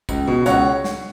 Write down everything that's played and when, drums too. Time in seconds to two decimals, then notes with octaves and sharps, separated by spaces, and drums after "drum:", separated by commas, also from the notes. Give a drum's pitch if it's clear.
0.09 C#2, drum: kick, tambourine
0.27 B2
0.46 C#2 C#5 F#5, drum: tambourine
0.84 drum: snare